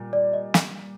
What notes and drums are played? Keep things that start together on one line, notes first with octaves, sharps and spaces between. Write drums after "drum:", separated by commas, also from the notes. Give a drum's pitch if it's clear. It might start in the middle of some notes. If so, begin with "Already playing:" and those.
Already playing: A#2 G3
D5
D#5
drum: snare